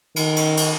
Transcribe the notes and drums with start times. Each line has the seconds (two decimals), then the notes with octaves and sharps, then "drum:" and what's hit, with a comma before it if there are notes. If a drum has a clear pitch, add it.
0.16 D#3, drum: cymbal
0.36 drum: cymbal
0.57 drum: cymbal